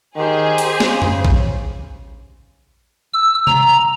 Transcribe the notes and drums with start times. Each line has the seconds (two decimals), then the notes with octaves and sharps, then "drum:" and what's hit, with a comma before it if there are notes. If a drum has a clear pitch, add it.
0.16 D#3 G4 G#4 C5
0.58 drum: hi-hat
0.80 C#3, drum: snare
1.02 drum: tom F#2
1.25 drum: kick A#1
3.13 E6
3.47 A#5, drum: tom